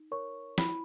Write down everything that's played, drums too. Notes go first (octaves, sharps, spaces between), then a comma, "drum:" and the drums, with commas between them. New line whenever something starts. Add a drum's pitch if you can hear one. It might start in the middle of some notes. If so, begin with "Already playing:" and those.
Already playing: D#4
A#4 C#5 C#6
E4 B5, drum: snare